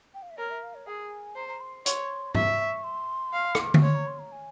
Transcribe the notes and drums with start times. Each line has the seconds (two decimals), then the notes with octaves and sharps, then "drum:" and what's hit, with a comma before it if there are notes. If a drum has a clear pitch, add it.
0.14 G5
0.22 F5
0.30 E5
0.37 A#4 C#5
0.50 E5
0.63 F5
0.75 C#5
0.87 G#4 G#5
1.36 C5 A#5
1.48 A#5
1.60 C6
1.86 C#5 C6, drum: hi-hat
2.35 E5 C#6, drum: tom G#2
2.84 C6
3.33 F5
3.55 drum: rim click
3.74 C#6, drum: tom D3
3.83 C#5 C6
3.95 A#5
4.07 C6
4.19 A#5
4.32 G#5